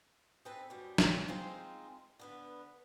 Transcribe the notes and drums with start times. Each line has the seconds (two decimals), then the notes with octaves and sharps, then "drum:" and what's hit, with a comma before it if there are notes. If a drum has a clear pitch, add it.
0.45 C4 D#4 G#4 A4 B4
0.70 F#2 G3
0.98 drum: snare
1.28 G#3 C4 D#4 F4 C5
2.19 D3 B3 B4